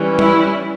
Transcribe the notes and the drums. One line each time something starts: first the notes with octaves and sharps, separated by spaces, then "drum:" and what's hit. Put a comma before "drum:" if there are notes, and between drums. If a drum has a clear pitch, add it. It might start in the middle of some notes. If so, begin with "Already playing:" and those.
Already playing: E3 G3 C#4
E4, drum: tom